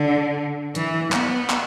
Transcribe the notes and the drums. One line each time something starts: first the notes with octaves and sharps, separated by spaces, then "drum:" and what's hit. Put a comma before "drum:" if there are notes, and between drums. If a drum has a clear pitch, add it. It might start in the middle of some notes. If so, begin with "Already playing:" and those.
Already playing: D3
E3, drum: hi-hat
B3, drum: clap
drum: clap